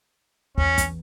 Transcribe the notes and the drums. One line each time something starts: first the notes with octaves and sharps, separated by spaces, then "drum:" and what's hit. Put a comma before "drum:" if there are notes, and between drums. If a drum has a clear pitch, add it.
E2 C#4, drum: kick
drum: kick, hi-hat